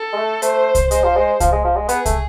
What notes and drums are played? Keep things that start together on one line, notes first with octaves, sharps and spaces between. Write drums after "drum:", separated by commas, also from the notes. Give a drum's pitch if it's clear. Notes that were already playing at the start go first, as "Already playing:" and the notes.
Already playing: A4
G#3
A3
A3 C5, drum: hi-hat
drum: kick C2, hi-hat
G#3 C5, drum: hi-hat
F3
G#3
F3, drum: kick C2, hi-hat
G#3
F3
G#3
B3 G#4, drum: hi-hat
A3, drum: kick C2, hi-hat